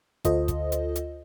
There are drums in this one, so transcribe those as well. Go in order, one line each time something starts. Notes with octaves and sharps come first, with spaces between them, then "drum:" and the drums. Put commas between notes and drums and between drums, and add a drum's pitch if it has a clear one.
D2 F4 A4 C5 D#5, drum: kick, hi-hat
drum: kick, hi-hat
drum: hi-hat
drum: hi-hat